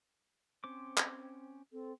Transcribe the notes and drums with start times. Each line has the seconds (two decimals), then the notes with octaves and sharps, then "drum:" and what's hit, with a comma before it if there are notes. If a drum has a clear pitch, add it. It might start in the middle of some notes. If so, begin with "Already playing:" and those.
0.64 C4 C#4 C5 D6
0.97 drum: clap
1.72 C4 A4